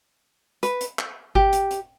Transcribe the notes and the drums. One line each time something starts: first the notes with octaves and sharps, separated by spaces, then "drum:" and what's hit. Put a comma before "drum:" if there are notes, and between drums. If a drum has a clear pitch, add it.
B4, drum: hi-hat
drum: hi-hat
drum: clap
G4, drum: kick G1
drum: hi-hat
drum: hi-hat